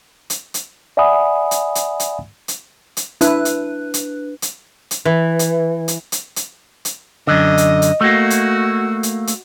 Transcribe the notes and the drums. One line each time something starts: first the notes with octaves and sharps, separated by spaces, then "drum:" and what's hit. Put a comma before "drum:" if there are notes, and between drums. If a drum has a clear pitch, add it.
drum: hi-hat
drum: hi-hat
D5 E5 F#5 G#5 B5 D#6
drum: hi-hat
drum: hi-hat
drum: hi-hat
drum: hi-hat
drum: hi-hat
D4 E4 B4 F#6, drum: hi-hat
drum: hi-hat
drum: hi-hat
drum: hi-hat
drum: hi-hat
E3
drum: hi-hat
drum: hi-hat
drum: hi-hat
drum: hi-hat
drum: hi-hat
F#2 D3 D#5
drum: hi-hat
drum: hi-hat
A3 A#3 F#4
drum: hi-hat
drum: hi-hat
drum: hi-hat